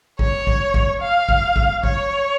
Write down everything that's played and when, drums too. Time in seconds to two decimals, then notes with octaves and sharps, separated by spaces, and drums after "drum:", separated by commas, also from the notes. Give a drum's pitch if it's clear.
0.19 C#5, drum: kick A#1
0.47 drum: kick A#1
0.74 drum: kick A#1
1.02 F5
1.29 drum: kick A#1
1.56 drum: kick A#1
1.84 C#5, drum: kick A#1